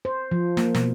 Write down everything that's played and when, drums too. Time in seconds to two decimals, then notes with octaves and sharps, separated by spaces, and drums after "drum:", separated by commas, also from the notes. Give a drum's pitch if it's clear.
0.05 C5
0.31 F3
0.57 A#3, drum: snare
0.75 B2, drum: snare